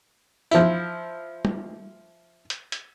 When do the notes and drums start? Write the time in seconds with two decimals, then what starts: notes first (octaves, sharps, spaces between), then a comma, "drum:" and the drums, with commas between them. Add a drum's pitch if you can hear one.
0.51 F3 E4, drum: tambourine
1.45 drum: tom
2.50 drum: hi-hat
2.72 drum: hi-hat